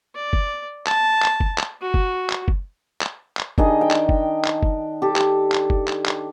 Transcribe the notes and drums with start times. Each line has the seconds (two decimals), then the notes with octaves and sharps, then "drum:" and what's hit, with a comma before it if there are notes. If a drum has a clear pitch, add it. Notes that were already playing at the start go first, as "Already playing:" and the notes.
0.15 D5
0.33 drum: kick F#1
0.87 A5, drum: clap
1.23 drum: clap
1.40 drum: kick F#1
1.58 drum: clap
1.82 F#4
1.94 drum: kick F#1
2.30 drum: clap
2.48 drum: kick F#1
3.01 drum: clap
3.37 drum: clap
3.58 D#3 D4 G#4 D#5, drum: kick F#1
3.81 G5
3.91 drum: clap
4.09 drum: kick F#1
4.45 drum: clap
4.63 drum: kick F#1
5.02 G4 A4
5.16 drum: clap
5.52 drum: clap
5.70 drum: kick F#1
5.88 drum: clap
6.06 drum: clap